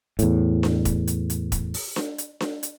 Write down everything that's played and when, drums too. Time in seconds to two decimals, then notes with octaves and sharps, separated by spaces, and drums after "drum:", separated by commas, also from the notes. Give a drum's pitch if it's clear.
0.19 E2 A2, drum: hi-hat
0.63 drum: snare D4
0.85 drum: kick E1, hi-hat
1.07 drum: hi-hat
1.30 drum: hi-hat
1.52 drum: kick E1, hi-hat
1.74 drum: open hi-hat
1.96 drum: snare D4
2.18 drum: hi-hat
2.40 drum: snare D4
2.63 drum: hi-hat